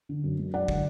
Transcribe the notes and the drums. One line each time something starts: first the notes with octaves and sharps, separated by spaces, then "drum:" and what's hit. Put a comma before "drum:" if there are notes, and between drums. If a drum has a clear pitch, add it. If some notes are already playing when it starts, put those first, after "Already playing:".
D3
F#2
G#3
F#2 D5 F#5
D3, drum: kick